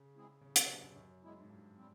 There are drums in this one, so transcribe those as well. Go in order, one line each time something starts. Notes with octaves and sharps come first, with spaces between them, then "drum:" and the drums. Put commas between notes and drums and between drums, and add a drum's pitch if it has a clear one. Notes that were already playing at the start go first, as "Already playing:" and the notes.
Already playing: C#3
G#3 C4 E4 G#4
A2 C#3
C3, drum: hi-hat
B2 F#3 A#3 D4
F#2
F#2 D#3
G#3 B3 E4
G#2
G2 A#2
G3 C4